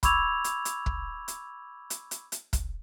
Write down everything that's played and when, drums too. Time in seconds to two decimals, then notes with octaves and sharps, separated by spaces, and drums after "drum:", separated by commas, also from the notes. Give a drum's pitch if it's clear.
0.03 B5 C#6 D6 E6 G#6 F7, drum: kick, hi-hat
0.44 drum: hi-hat
0.65 drum: hi-hat
0.86 drum: kick
1.28 drum: hi-hat
1.90 drum: hi-hat
2.11 drum: hi-hat
2.32 drum: hi-hat
2.53 drum: kick, hi-hat